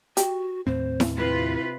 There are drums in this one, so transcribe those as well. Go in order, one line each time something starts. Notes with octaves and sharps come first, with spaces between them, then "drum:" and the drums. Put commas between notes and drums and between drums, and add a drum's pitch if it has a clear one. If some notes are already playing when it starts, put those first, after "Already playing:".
F#4 G4, drum: hi-hat
D#2 A2 C4 C5
drum: snare E4
C3 E4 F4 B4